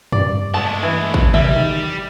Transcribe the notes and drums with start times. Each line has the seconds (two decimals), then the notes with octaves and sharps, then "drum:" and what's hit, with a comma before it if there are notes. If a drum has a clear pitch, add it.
0.12 G2 D5, drum: tom
0.54 G#3 A3 A5
0.83 E3
1.14 drum: kick
1.34 G3 E5, drum: tom
1.56 D#3